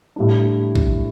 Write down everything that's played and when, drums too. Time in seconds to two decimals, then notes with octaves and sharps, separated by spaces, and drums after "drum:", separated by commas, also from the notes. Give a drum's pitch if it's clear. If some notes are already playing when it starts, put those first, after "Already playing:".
0.16 A2 G3 D4
0.75 drum: kick A#1